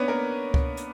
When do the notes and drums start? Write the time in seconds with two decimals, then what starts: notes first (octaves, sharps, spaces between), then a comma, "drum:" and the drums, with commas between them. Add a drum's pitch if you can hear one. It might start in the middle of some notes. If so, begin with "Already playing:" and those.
Already playing: B3 C#4 D4 B4 C#5
0.08 A#3 A#4
0.54 drum: kick C#2
0.77 drum: hi-hat